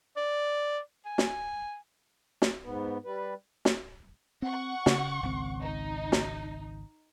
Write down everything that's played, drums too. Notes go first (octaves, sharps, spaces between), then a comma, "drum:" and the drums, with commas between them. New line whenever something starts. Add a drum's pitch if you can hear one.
D5
G#5
drum: snare
drum: snare
G#2 B3
G3 B4
drum: snare
C4 F#5 C#6
C#3, drum: snare
G#1 C#2 C4
D#4
drum: snare